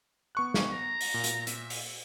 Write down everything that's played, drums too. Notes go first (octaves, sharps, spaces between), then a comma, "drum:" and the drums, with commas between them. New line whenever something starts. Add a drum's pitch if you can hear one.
B3 C#6 F#6
drum: snare
A#5
drum: open hi-hat
A#2
drum: hi-hat
E5, drum: hi-hat
drum: open hi-hat